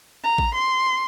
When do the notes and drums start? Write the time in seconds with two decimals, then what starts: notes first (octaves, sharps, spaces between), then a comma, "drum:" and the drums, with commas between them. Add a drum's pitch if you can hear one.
0.24 A#5
0.38 drum: kick A1
0.55 C6